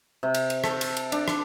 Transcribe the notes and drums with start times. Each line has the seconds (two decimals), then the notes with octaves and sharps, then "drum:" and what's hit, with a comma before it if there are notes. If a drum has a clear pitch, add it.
0.23 C3
0.34 drum: cymbal
0.50 drum: cymbal
0.64 A4, drum: rim click
0.81 drum: cymbal
0.97 drum: cymbal
1.12 D4, drum: cymbal
1.28 drum: rim click